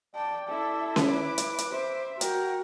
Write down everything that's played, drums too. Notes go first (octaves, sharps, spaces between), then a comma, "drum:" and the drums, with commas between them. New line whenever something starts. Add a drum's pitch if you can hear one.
D5 G5 A5
E4 A4 E5
drum: snare C#4
B4 D6
drum: hi-hat
drum: hi-hat
C5 E5
F#4 A#4 G5, drum: hi-hat